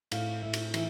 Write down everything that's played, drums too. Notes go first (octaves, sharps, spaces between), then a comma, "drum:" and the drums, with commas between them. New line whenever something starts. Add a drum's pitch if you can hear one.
A2 F5, drum: cymbal
A2 E5
drum: cymbal
E3 E5, drum: cymbal